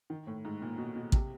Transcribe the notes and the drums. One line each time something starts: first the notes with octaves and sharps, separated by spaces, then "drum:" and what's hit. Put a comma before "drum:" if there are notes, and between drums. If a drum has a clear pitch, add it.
D#3
A2
G#2
A#2
B2
B2
C3, drum: kick